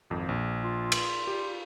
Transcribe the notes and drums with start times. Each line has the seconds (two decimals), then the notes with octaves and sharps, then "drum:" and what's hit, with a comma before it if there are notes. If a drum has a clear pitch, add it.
0.10 G#1 F2
0.29 A#1
0.64 F4
0.92 drum: cymbal
1.27 G4